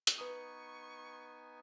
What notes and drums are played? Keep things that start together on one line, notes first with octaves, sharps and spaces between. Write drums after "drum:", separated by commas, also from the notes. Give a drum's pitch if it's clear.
drum: hi-hat
B3 D#4 B4 G#5 C#6 D#6